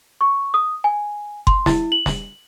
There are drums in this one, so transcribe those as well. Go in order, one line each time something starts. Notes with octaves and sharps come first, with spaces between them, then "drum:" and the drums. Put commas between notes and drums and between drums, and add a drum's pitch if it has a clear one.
C#6
D#6
G#5
C6, drum: kick F#1
E4, drum: snare
F#7
drum: snare